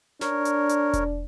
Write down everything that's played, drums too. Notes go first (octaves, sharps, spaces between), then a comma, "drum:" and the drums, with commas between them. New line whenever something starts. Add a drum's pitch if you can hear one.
D4 A#4 C#5, drum: snare
drum: hi-hat
drum: hi-hat
drum: kick E1, hi-hat